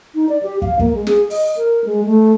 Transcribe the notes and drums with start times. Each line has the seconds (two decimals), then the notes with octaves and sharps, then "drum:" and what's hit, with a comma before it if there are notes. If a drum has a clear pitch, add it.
0.15 D#4
0.29 D5
0.43 G4
0.62 F5, drum: kick
0.79 A#3, drum: kick
0.94 G#3
1.07 G#4, drum: snare
1.30 D#5, drum: open hi-hat
1.56 A#4
1.85 G#3
2.05 A3